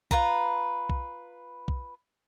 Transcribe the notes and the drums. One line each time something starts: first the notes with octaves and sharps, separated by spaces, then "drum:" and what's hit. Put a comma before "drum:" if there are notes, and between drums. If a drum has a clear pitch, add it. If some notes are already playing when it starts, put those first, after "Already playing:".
F4 B4 A#5, drum: kick B1
drum: kick B1
drum: kick B1